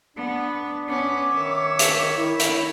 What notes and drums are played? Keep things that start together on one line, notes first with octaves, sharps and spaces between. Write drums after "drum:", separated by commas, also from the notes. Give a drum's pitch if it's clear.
B3 D4
B3 C#4 D6
D#3 C#5 E5
drum: hi-hat
E4
drum: hi-hat